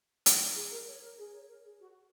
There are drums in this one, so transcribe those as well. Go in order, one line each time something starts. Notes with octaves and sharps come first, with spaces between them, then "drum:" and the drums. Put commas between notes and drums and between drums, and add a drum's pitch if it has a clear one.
drum: hi-hat
G#4
A#4
C#5
A#4
G#4
C#5
A#4
G#4
F#4